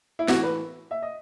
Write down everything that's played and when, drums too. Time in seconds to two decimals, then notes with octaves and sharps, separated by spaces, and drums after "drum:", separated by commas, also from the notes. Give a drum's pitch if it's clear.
0.19 E4
0.28 A2 E3 F#4, drum: snare
0.43 B4
0.91 E5
1.02 D#5